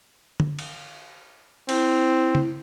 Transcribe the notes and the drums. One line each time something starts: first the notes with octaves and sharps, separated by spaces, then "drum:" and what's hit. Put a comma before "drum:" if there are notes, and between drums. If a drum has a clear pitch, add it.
drum: tom D3
drum: cymbal
C4 E4, drum: cymbal
drum: tom